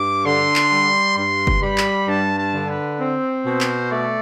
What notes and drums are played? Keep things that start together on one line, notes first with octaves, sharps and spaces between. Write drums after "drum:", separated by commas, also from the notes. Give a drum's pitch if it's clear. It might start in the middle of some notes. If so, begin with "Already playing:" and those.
Already playing: G2 D6
D3 C6
drum: clap
G3
G2 C6
drum: kick F#1
G3 B5
drum: clap
G2 A5
A5
D3
B4
C4
B2 C5
drum: clap
A3 D5